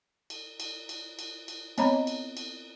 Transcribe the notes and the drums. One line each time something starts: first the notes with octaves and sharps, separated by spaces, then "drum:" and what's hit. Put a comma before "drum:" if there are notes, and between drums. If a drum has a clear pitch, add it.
drum: cymbal
drum: cymbal
drum: cymbal
drum: cymbal
drum: cymbal
B3 C4 C#5 D#5 A#5 B5, drum: cymbal
drum: cymbal
drum: cymbal